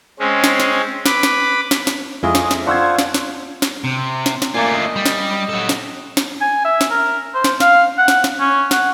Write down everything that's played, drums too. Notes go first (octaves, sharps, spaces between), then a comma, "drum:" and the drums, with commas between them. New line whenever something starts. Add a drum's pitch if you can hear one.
G#3 C4 C#4
drum: snare
drum: snare
B4 B5 D6, drum: snare
drum: snare
drum: snare
drum: snare
F2 G#3 E4 F4 G#4 D#5
drum: snare
drum: snare
D4 F4 C5 F#5 C#6 E6 G#6
drum: snare
drum: snare
drum: snare
C3
drum: snare
drum: snare
A3 A#3 F4 D5 G#5
D#5
G3
drum: snare
F#3 A4
drum: snare
drum: snare
G#5
E5
drum: snare
A#4
C5
drum: snare
F5, drum: snare
F#5
drum: snare
drum: snare
C#4
F#5, drum: snare